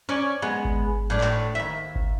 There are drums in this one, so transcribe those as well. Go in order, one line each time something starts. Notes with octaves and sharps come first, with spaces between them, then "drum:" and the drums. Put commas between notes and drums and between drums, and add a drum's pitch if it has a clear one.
C#4 D5
G#3 B3
drum: kick G#1
A2 D4
drum: clap
D#2 E5
drum: kick G#1